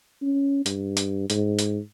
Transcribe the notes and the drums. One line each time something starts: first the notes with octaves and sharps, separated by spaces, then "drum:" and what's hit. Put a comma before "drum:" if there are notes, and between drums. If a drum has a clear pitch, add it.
C#4
G2, drum: hi-hat
drum: hi-hat
G#2, drum: hi-hat
drum: hi-hat